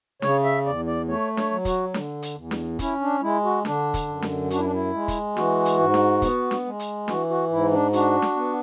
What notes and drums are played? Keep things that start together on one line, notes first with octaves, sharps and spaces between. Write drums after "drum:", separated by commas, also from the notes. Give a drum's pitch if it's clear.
C#3 C#5, drum: snare D4
E5
E2 D5
D5
A3 C#5
C#5, drum: snare D4
F#3
F#4, drum: kick, hi-hat
D3, drum: snare D4
drum: hi-hat
E2
drum: snare D4
C#4 E4, drum: kick, hi-hat
D4
G#3 E4
F#4
D3 D4, drum: snare D4
drum: kick, hi-hat
F#2
drum: snare D4
D4 F#4, drum: hi-hat
E4
D4
E4
G#3
drum: kick, hi-hat
E3 F#4, drum: snare D4
drum: hi-hat
G#2
drum: snare D4
B3, drum: kick, hi-hat
drum: snare D4
G#3
drum: hi-hat
E3 F#4, drum: snare D4
F#4
G#2 E4
D4
D4 F#4, drum: hi-hat
drum: snare D4
B3